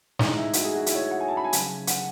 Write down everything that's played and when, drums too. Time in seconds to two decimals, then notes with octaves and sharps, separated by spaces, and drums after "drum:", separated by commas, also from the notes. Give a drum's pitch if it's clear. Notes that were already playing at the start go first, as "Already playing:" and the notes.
0.19 A2 E3 G#3 D#4, drum: snare
0.37 E4
0.53 F#4, drum: hi-hat
0.64 G#4
0.75 F#4
0.86 E4, drum: hi-hat
0.95 C#5
1.11 F#5
1.20 G#5
1.28 A5
1.37 B5
1.44 G#5
1.53 C#3 F#3, drum: hi-hat
1.87 F#5, drum: hi-hat